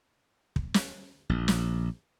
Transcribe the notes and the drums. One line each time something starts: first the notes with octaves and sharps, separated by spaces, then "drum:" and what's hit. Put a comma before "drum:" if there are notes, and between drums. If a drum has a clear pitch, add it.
drum: kick
drum: snare
A#1
drum: snare